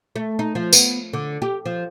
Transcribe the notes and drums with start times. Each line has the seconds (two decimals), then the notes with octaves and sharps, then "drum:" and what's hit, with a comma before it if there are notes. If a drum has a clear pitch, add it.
0.16 A3
0.39 D#4
0.55 F3
0.73 B3, drum: tambourine
1.13 D3
1.42 G4
1.66 F3